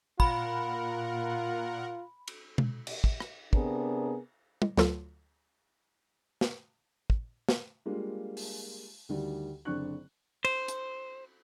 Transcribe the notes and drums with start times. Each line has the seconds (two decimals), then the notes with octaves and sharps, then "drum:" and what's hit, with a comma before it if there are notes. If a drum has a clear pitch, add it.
0.20 A#2 F4 A#4 F#5 B5, drum: kick
2.28 drum: cymbal
2.58 drum: tom B2
2.87 drum: cymbal
3.04 drum: kick
3.20 drum: rim click
3.53 C3 B3 D4 G#4 A#4, drum: kick
4.62 drum: tom
4.77 D2 F#3 F4 A4, drum: snare
6.41 drum: snare
7.10 drum: kick
7.49 drum: snare
7.85 G3 G#3 A#3 D4 F4
8.37 drum: open hi-hat
9.09 D2 D#3 G3 D4 F#4
9.65 F#1 D3 C4 D4 C#6 F#6
10.45 C5, drum: cymbal
10.68 drum: hi-hat